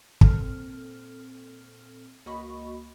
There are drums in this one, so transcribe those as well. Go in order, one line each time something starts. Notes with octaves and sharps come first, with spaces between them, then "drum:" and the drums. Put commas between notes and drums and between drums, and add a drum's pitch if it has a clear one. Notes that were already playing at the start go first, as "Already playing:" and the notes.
A#2 C4 A4 F6, drum: kick
C#2 A#3 F#4 D#5 B5 C#6